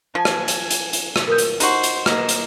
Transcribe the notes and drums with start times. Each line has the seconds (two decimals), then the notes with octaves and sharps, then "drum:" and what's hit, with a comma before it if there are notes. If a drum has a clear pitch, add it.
0.15 F3 G#5 A5
0.25 drum: rim click
0.48 drum: hi-hat
0.71 drum: hi-hat
0.93 drum: hi-hat
1.16 drum: rim click
1.28 A#4 D#6 G6
1.38 drum: hi-hat
1.60 D#4 F#4 G4 C5, drum: hi-hat
1.83 drum: hi-hat
2.06 A#3 D#5, drum: rim click
2.29 drum: hi-hat